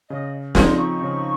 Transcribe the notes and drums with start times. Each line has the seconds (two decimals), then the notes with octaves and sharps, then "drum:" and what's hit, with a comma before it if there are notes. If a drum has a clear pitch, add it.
0.10 C#3 D#5
0.55 F3 C4 D#4 G#4 C6, drum: snare
0.77 C#6
1.01 C#3